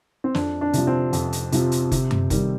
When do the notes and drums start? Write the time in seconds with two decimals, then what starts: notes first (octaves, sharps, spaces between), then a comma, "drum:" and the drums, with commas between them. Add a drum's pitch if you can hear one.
0.24 C4
0.35 F2 D4, drum: snare
0.61 D4
0.73 C3 F3, drum: hi-hat
0.87 C4
1.13 F2, drum: hi-hat
1.33 drum: hi-hat
1.52 C3 F3, drum: hi-hat
1.72 drum: hi-hat
1.92 C3, drum: kick F1, hi-hat
2.11 drum: tom F#2
2.30 D#3 G3, drum: kick F1, hi-hat